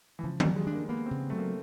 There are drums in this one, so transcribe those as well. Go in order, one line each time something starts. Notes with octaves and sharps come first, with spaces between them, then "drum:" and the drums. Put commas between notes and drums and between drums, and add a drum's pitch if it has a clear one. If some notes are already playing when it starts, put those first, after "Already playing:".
E3
C#3 F3
G3, drum: tom D#3
F#3
G#3
D4
A#3
A#3 B3
C4
C#3
F#3 A3
A#3